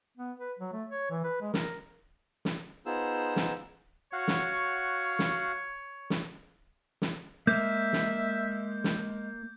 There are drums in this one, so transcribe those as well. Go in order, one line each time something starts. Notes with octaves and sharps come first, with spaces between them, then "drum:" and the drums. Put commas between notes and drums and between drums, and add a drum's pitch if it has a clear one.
B3
B4
F#3
A3
C#5
E3
B4
G#3
A#4, drum: snare
drum: snare
B3 D#4 F4 G#4 C5 E6
drum: snare
F#4 C#5 F5 F#5
drum: snare
drum: snare
drum: snare
drum: snare
G#3 A#3 E5 G6
drum: snare
drum: snare